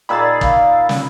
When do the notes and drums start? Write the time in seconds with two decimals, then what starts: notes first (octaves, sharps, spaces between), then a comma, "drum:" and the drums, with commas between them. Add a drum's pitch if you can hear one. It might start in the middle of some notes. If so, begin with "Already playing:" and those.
0.09 A#2 D#3 G#4 B5 E6 A6
0.41 F5, drum: kick
0.89 drum: snare